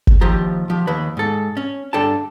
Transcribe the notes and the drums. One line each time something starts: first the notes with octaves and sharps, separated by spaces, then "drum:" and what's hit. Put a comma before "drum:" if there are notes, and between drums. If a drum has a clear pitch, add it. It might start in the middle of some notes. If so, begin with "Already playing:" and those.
drum: kick
D#2 F3 G4 A#5
F3 G4
D#2 B4
G#2 A4
C#4
G2 D4 A4 G5 A5